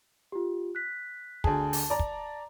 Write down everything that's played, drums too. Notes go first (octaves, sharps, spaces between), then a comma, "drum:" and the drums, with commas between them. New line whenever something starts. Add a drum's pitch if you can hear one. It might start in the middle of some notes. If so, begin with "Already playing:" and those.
F4 G4
F#6 B6
D2 G#4 A5, drum: kick
drum: open hi-hat
D5 A#5
drum: kick